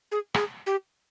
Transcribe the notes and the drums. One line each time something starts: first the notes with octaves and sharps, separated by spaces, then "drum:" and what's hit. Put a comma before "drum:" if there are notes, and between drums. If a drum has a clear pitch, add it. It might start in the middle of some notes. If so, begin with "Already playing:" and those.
G#4
G#4, drum: rim click
G4